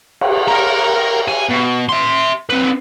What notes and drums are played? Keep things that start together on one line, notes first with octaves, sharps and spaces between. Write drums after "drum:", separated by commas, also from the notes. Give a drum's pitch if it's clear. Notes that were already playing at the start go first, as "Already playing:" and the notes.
drum: cymbal
A#4 A#5
G#5
B2
E5 C6
C4 B4